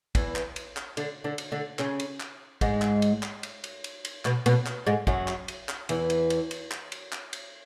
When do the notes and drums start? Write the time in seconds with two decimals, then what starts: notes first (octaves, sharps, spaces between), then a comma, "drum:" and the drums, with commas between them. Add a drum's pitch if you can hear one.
0.15 E2 E3, drum: kick, cymbal
0.36 drum: clap
0.56 drum: cymbal
0.77 drum: clap
0.97 D3 D4, drum: cymbal
1.24 D3 D4
1.38 drum: cymbal
1.52 D3 D4
1.79 C#3 C#4, drum: clap
2.00 drum: cymbal
2.20 drum: clap
2.61 G#2 G#3, drum: kick, cymbal
2.82 drum: clap
3.02 drum: cymbal
3.23 drum: clap
3.43 drum: cymbal
3.64 drum: cymbal
3.84 drum: cymbal
4.05 drum: cymbal
4.25 B2 B3, drum: clap
4.46 B2 B3, drum: cymbal
4.66 drum: clap
4.87 G#2 G#3
5.07 F#2 F#3, drum: kick
5.28 drum: clap
5.48 drum: cymbal
5.69 drum: clap
5.89 E2 E3, drum: cymbal
6.10 drum: cymbal
6.30 drum: cymbal
6.51 drum: cymbal
6.71 drum: clap
6.92 drum: cymbal
7.12 drum: clap
7.33 drum: cymbal